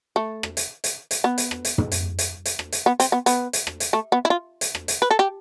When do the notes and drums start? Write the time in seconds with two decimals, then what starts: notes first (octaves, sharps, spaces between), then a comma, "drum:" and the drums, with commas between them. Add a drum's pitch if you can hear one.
0.16 A3
0.43 drum: rim click
0.57 drum: hi-hat
0.84 drum: hi-hat
1.11 drum: hi-hat
1.24 B3
1.38 drum: hi-hat
1.51 drum: rim click
1.65 drum: hi-hat
1.78 drum: tom
1.92 drum: hi-hat
2.19 drum: hi-hat
2.45 drum: hi-hat
2.59 drum: rim click
2.72 drum: hi-hat
2.86 B3
3.00 C4, drum: hi-hat
3.12 B3
3.26 B3, drum: hi-hat
3.53 drum: hi-hat
3.67 drum: rim click
3.80 drum: hi-hat
3.93 A3
4.12 B3
4.25 E4
4.30 F4
4.61 drum: hi-hat
4.75 drum: rim click
4.88 drum: hi-hat
5.02 B4
5.11 A4
5.19 G4